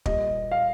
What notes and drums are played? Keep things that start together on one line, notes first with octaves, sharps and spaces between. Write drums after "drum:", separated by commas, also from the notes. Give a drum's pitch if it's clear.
A#2 G3 D#5, drum: kick
F5